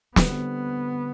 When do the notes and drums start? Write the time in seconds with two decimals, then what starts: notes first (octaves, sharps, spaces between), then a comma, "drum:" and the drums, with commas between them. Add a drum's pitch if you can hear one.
0.16 D3 G3 B3 C4, drum: snare